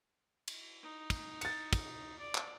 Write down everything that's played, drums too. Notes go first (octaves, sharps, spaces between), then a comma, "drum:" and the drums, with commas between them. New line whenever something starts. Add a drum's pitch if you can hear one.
drum: cymbal
D#4
drum: kick, cymbal
A6 C#7, drum: cymbal
drum: kick, cymbal
D5
drum: clap